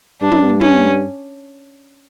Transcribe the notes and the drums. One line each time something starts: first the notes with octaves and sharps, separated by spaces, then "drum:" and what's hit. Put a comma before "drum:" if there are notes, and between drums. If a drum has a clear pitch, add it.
G2 D4
F#2, drum: tom
G2
C#4, drum: tom